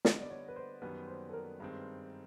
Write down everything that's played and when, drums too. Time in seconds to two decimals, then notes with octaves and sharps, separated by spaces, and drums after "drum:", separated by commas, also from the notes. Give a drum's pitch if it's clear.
0.05 D3 G3 B3 D#5, drum: snare
0.22 D5
0.30 C#5
0.48 B4
0.56 C5
0.82 F#2 D#3 G3 B3 B4
1.08 C5
1.29 A4
1.33 A#4
1.60 G2 D#3 G#3 C4